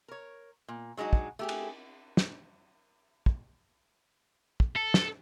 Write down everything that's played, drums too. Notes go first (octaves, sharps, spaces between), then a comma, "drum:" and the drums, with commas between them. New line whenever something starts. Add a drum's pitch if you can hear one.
A#4 C#5
A#2
F#3 G#3 D4 D#4 F#4
drum: kick
A3 G4 G#4
drum: cymbal
drum: snare
drum: kick
drum: kick
A4
drum: snare